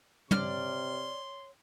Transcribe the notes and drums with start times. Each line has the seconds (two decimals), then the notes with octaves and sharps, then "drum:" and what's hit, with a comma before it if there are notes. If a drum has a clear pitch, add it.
0.31 C3 C#5 D5 C6 F6, drum: tom